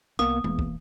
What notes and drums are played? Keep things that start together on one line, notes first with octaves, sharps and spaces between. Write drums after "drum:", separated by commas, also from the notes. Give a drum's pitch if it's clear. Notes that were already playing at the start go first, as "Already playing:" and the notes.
C2 A#3 B3 D#6
E1 E2 E3 A#3, drum: tom G#3
drum: kick